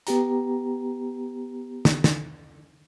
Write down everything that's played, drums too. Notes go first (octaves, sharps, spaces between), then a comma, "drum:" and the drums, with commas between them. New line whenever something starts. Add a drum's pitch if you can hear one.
B3 G4 A#5, drum: hi-hat
drum: snare
drum: snare